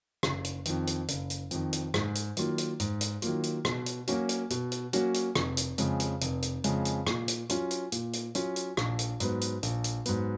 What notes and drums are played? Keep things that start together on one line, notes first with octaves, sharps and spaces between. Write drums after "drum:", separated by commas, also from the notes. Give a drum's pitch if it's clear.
F#1, drum: rim click
drum: hi-hat
F2 D#3, drum: hi-hat
drum: hi-hat
F#1, drum: hi-hat
drum: hi-hat
F2 D#3, drum: hi-hat
drum: hi-hat
G#2, drum: rim click
drum: hi-hat
D#3 F#3 A#3 F4, drum: hi-hat
drum: hi-hat
G#2, drum: hi-hat
drum: hi-hat
D#3 F#3 A#3 F4, drum: hi-hat
drum: hi-hat
B2, drum: rim click
drum: hi-hat
F#3 A#3 C#4 F#4, drum: hi-hat
drum: hi-hat
B2, drum: hi-hat
drum: hi-hat
F#3 A#3 C#4 F#4, drum: hi-hat
drum: hi-hat
F1, drum: rim click
drum: hi-hat
F2 C#3 G#3, drum: hi-hat
drum: hi-hat
F1, drum: hi-hat
drum: hi-hat
F2 C#3 G#3, drum: hi-hat
drum: hi-hat
A#2, drum: rim click
drum: hi-hat
F#3 C#4 F4, drum: hi-hat
drum: hi-hat
A#2, drum: hi-hat
drum: hi-hat
F#3 C#4 F4, drum: hi-hat
drum: hi-hat
A#1, drum: rim click
drum: hi-hat
G#2 F#3 B3, drum: hi-hat
drum: hi-hat
A#1, drum: hi-hat
drum: hi-hat
G#2 F#3 B3, drum: hi-hat